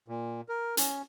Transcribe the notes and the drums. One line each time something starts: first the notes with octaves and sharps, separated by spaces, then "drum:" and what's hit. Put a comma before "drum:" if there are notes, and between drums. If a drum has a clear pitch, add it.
A#2
A#4
C#4, drum: hi-hat